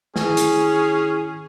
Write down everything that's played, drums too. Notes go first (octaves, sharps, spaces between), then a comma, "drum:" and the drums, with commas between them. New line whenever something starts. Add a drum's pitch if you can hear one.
D#3 C#4 E4 G#4, drum: snare
drum: hi-hat